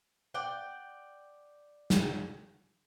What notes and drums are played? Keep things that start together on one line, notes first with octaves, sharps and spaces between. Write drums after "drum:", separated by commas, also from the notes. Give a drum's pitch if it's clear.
D5 F#5 G5
drum: snare